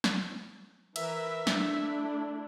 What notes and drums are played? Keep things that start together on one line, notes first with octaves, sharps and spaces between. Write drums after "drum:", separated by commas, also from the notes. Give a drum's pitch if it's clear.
drum: snare
E3 A#4 B4 E5, drum: cymbal
A3 D4 E4, drum: snare